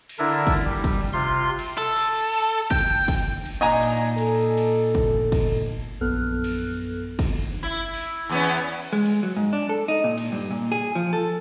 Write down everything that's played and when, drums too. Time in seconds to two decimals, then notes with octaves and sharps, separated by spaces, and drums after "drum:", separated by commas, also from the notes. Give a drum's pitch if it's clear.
0.09 drum: cymbal
0.19 D3 D4 E4 A#4 E5
0.47 drum: kick, cymbal
0.65 G3
0.84 drum: kick, cymbal
1.13 C3 F4 C6
1.59 drum: cymbal
1.78 A4
1.96 drum: cymbal
2.33 drum: cymbal
2.71 G5, drum: kick, cymbal
3.08 drum: kick, cymbal
3.45 drum: cymbal
3.61 A#2 D4 D#4 D#5 G#5 A#5
3.83 drum: cymbal
4.18 A4, drum: cymbal
4.57 drum: cymbal
4.95 drum: kick
5.32 drum: kick, cymbal
6.01 A#1 F#2 B3 A4 F6 F#6
6.44 drum: cymbal
7.19 drum: kick, cymbal
7.63 E4
7.94 drum: cymbal
8.29 E2 B3 C#4
8.68 drum: cymbal
8.93 G#3
9.06 drum: cymbal
9.23 F#3
9.37 G#2
9.53 D4
9.69 A4
9.88 D#4
10.04 A#2
10.18 drum: cymbal
10.32 G2
10.51 A#2
10.72 G#4
10.95 F3
11.13 A4